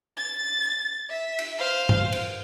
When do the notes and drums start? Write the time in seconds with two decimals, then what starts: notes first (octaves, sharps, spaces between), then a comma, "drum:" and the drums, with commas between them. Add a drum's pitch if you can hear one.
0.17 A6
1.09 E5
1.39 drum: cymbal
1.58 C5 F5
1.89 drum: tom G2
2.12 drum: cymbal